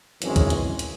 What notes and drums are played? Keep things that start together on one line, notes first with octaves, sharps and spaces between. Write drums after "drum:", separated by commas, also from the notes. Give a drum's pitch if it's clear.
G#1 F#2 E3 G#3 C#4, drum: hi-hat
drum: kick, hi-hat
drum: hi-hat
drum: hi-hat